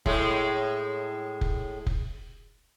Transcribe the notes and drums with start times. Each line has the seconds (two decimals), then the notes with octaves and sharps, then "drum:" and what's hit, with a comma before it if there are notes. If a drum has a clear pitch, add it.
0.06 A2 G#3, drum: kick F1
1.41 drum: kick F1
1.86 drum: kick F1